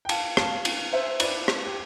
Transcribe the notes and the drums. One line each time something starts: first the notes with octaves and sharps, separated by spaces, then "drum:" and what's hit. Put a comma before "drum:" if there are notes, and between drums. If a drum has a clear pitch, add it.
G5
F5 A5, drum: cymbal
F5 A5, drum: rim click
drum: cymbal
C5 E5
B4 D5, drum: cymbal
drum: rim click
G4